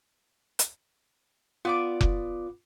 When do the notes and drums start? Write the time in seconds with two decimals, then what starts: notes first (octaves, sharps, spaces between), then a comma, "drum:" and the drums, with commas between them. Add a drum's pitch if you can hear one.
0.59 drum: hi-hat
1.65 B3 F4 D5 D6
2.01 drum: kick F1